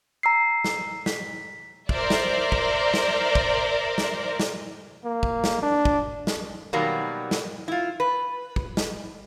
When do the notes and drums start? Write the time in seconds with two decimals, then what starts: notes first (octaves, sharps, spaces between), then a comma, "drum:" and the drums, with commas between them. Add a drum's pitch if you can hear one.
0.23 A#5 E6 C7
0.64 drum: snare
1.06 B6, drum: snare
1.89 A#4 C5 D5 E5, drum: kick
2.10 drum: snare
2.52 drum: kick
2.94 drum: snare
3.35 drum: kick
3.98 drum: snare
4.40 drum: snare
5.04 A#3
5.23 drum: kick
5.44 drum: snare
5.62 D4
5.85 drum: kick
6.27 drum: snare
6.73 B2 D#3 F#3 G3 A#3
7.31 drum: snare
7.68 E4 F4
8.00 B4
8.56 drum: kick
8.77 drum: snare